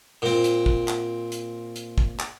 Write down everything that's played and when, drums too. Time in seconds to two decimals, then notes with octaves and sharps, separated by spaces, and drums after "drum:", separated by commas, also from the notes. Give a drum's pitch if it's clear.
0.22 A#2 C4
0.44 drum: hi-hat
0.66 drum: kick
0.88 drum: clap
1.32 drum: hi-hat
1.76 drum: hi-hat
1.98 drum: kick
2.20 drum: clap